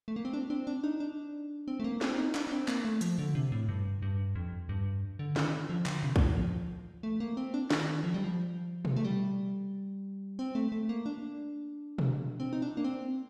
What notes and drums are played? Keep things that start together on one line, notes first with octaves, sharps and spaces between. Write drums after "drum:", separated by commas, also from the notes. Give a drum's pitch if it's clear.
A3
A#3
C4
D4
C4
D4
D#4
D4
C4
A3
A#3
C4, drum: snare
D#4
D4, drum: clap
D4
C4
A#3, drum: clap
A3
F3, drum: hi-hat
D3
C3
A2
G2
G2
F2
G2
D3
D#3, drum: snare
F3
D3, drum: clap
C3
C3, drum: kick
A#2
D#3
F3
A3
A#3
C4
D4
D#3, drum: snare
F3
G3
F3
drum: tom B2
A3
G3
C4
A3
A3
A#3
D4
drum: tom B2
C4
D#4
D4
A#3
C4